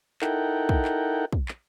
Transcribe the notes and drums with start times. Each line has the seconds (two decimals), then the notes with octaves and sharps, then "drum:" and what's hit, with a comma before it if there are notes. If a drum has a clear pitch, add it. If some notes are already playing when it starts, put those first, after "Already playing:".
0.21 D#4 E4 A4 A#4 F#5 G5, drum: clap
0.69 drum: kick
0.85 drum: clap
1.33 drum: kick
1.48 drum: clap